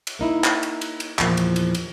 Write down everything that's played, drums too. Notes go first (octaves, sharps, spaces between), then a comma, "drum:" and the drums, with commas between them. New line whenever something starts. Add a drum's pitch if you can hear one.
drum: cymbal
A#3 D#4 E4
drum: clap
drum: cymbal
drum: cymbal
drum: cymbal
E2 A#2 F3, drum: clap
drum: cymbal
drum: cymbal
drum: cymbal